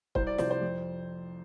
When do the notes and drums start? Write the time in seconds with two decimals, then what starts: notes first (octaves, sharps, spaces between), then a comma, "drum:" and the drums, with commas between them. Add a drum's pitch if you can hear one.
0.15 C2 C5, drum: kick
0.27 D5
0.38 C3 F3 C5, drum: snare
0.51 C5
0.62 F2